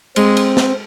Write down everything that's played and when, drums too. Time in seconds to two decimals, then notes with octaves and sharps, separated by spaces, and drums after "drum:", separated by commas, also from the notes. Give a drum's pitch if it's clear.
0.16 G#3 C4, drum: cymbal
0.37 drum: cymbal
0.57 drum: snare